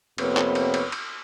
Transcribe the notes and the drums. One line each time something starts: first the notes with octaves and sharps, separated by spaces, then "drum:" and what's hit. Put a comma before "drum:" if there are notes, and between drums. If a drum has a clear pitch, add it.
F2 C3 A#3 B3 B4 C#5, drum: cymbal
drum: clap
drum: cymbal
drum: cymbal
drum: cymbal